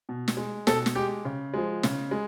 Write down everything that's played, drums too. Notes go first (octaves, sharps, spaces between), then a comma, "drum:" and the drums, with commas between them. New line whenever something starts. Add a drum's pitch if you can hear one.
B2
drum: snare
G#3
B2 A4, drum: snare
drum: snare
G#3 G4
C#3
F3 G#3
C#3, drum: snare
G#3